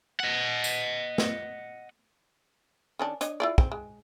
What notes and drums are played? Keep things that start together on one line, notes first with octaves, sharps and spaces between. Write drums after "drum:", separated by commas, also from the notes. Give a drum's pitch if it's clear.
D#5 F#5
drum: tambourine
drum: snare
D#3 C#4 D4
D4 C#5 D#5, drum: hi-hat
E4 F4 D5
C4, drum: kick
G#3